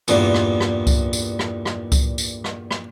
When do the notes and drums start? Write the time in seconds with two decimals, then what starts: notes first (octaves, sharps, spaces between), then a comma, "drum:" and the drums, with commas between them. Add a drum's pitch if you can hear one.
0.08 E2 G2 A#2 B3, drum: tambourine
0.34 drum: rim click
0.60 drum: rim click
0.87 drum: kick C#2, tambourine
1.13 drum: tambourine
1.39 drum: rim click
1.66 drum: rim click
1.92 drum: kick C#2, tambourine
2.18 drum: tambourine
2.44 drum: rim click
2.71 drum: rim click